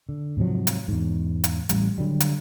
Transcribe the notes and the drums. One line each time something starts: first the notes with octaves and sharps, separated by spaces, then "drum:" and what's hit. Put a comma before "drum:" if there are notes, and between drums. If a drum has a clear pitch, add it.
D3
G#2 C3 F3 F#3
drum: hi-hat
E2 G#2
drum: hi-hat
A1 G3, drum: hi-hat
D3 F#3 G3
drum: hi-hat